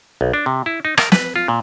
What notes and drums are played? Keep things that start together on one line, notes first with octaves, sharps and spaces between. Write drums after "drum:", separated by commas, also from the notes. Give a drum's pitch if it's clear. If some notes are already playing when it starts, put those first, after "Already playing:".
B1
D4
C3
E4
D#4
A#4, drum: rim click
B4, drum: snare
F4
A#2